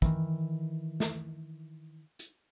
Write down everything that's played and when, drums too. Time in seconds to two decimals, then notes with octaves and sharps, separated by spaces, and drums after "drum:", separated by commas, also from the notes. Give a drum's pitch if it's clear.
0.02 D#3 E3, drum: kick
1.00 drum: snare
2.19 drum: hi-hat